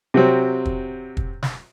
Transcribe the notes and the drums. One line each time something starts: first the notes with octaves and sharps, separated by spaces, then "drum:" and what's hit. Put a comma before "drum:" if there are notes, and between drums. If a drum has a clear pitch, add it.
C3 F#3 C4
drum: kick
drum: kick
drum: snare